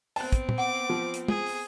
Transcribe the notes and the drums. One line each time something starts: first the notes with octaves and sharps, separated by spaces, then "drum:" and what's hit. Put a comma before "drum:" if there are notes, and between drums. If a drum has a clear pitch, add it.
B3 C4 A5 F#6, drum: open hi-hat
drum: kick, hi-hat
drum: tom
F#5 D6
F3
drum: hi-hat
G#4, drum: tom
drum: open hi-hat